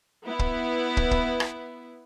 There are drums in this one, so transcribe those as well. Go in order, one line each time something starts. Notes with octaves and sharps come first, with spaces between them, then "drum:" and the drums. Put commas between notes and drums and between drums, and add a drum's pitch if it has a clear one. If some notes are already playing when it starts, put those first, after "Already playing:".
B3 E4
drum: kick
drum: kick
drum: kick
drum: rim click